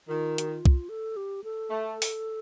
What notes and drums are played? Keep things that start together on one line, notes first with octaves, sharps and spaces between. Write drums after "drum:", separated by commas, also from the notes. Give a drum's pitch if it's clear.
D#3 F4
F#4, drum: hi-hat
F4
drum: kick C2
A4
G4
A4
A3
drum: open hi-hat